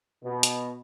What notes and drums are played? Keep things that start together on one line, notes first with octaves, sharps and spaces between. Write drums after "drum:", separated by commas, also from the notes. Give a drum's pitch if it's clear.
B2
drum: hi-hat